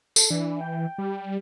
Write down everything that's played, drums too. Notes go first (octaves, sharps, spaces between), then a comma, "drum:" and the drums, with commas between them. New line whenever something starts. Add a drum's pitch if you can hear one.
A4, drum: tambourine
E3 D4
G5
G3